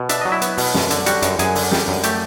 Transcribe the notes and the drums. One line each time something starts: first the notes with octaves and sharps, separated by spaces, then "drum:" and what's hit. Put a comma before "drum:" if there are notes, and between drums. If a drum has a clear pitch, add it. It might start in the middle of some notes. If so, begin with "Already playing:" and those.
Already playing: B2
D4 E5, drum: hi-hat
F#3 D#5
E4 E5
B3, drum: hi-hat
B2, drum: open hi-hat
F#2, drum: snare
D3, drum: hi-hat
G3 F#4 F#5, drum: hi-hat
F#2, drum: hi-hat
F#2 G#4 G#5, drum: hi-hat
D3, drum: open hi-hat
G3, drum: snare
F#2
A3 G4 G5, drum: hi-hat